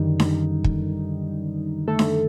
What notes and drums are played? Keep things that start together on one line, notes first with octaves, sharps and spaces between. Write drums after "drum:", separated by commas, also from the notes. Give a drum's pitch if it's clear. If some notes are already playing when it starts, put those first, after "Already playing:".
Already playing: F#2 D3 D#3 G3 D#4
drum: snare D4
drum: kick
A3 A4
drum: snare D4